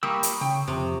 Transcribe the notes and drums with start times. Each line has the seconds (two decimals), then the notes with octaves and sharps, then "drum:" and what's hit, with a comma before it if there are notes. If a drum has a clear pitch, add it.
0.03 G3 A#3 C#6 D#6 E6
0.23 drum: hi-hat
0.41 C#3 G5
0.68 F2 C3